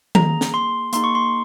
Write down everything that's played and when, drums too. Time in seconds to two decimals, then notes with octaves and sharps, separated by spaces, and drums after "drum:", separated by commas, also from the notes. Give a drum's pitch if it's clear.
0.15 A#3 D#4 G#4 A#5, drum: tom D#3
0.41 drum: snare
0.54 C6
0.93 A#3 D#4 G#4 C6, drum: hi-hat
1.04 C#6
1.15 C6